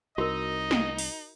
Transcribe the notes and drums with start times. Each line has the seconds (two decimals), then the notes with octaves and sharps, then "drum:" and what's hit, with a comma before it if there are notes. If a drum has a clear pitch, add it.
0.18 C2 D#4 F#4 A#4 D#5
0.71 drum: snare
0.98 drum: open hi-hat